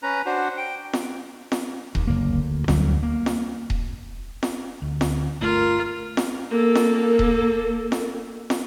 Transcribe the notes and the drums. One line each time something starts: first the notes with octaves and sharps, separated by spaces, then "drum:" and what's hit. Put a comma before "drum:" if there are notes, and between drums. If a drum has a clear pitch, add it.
C#4 B4 A#5
D4 F#4 C5
G5
drum: snare
drum: snare
D#2, drum: kick D#1
F#1 D2 A#3
D2
D2 D3 F#3 G3, drum: snare
A#3
drum: snare
drum: kick D#1
drum: snare
D2
drum: snare
G1 A3 F4 A#4
drum: snare
A#3 A4
drum: snare
drum: kick D#1
drum: snare
drum: snare